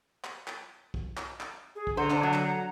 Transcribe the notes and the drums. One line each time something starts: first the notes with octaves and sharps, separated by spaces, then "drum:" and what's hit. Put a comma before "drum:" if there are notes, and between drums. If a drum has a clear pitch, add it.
drum: clap
drum: clap
drum: kick
drum: clap
drum: clap
G#4
drum: kick
D3 C5 F#5 A#5
D4, drum: clap
F#3
drum: clap